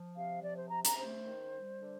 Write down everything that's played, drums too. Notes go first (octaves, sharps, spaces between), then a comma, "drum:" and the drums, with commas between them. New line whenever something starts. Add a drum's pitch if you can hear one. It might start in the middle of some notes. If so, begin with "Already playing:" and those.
Already playing: F3
C3 F5
F3 D5
C5
C3 A#5
A#5, drum: hi-hat
A3 C5
D#3
G3
D3